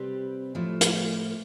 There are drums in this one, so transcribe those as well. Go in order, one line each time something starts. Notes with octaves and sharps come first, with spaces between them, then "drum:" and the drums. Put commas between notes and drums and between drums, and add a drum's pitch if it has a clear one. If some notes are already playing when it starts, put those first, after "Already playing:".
Already playing: C3 G3 C4 G4 B4
A2 F3 A3
drum: hi-hat